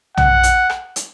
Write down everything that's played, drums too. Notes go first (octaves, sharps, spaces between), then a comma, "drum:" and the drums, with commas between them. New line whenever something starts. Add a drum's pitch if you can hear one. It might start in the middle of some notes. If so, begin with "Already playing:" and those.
F#5, drum: tom B1
drum: hi-hat
drum: rim click
drum: hi-hat